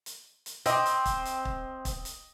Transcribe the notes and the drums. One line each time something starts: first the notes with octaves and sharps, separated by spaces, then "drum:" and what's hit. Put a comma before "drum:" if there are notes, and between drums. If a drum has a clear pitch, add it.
drum: hi-hat
drum: hi-hat
C4 D#5 D6, drum: hi-hat
drum: hi-hat
drum: kick, hi-hat
drum: hi-hat
drum: kick
drum: kick, hi-hat
drum: hi-hat